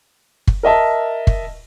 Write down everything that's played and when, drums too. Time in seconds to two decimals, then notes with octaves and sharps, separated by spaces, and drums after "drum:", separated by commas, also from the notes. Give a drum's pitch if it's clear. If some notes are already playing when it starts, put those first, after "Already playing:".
0.47 drum: kick
0.63 A#4 D#5 E5 A5
1.27 drum: kick